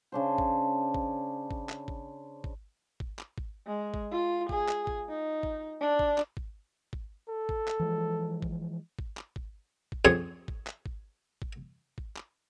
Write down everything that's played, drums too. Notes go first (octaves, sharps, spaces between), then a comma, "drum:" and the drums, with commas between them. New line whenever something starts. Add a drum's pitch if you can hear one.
C#3 D4 C5
drum: kick G#1
drum: kick G#1
drum: kick G#1
drum: clap
drum: kick G#1
drum: kick G#1
drum: kick G#1
drum: clap
drum: kick G#1
G#3
drum: kick G#1
F4
G#4, drum: kick G#1
drum: clap
drum: kick G#1
D#4
drum: kick G#1
D4
drum: kick G#1
drum: clap
drum: kick G#1
drum: kick G#1
A4
drum: kick G#1
drum: clap
E3 F3 G#3
drum: kick G#1
drum: kick G#1
drum: clap
drum: kick G#1
drum: kick G#1
F2 G#4 C#5
drum: kick G#1
drum: clap
drum: kick G#1
drum: kick G#1
drum: kick G#1
drum: clap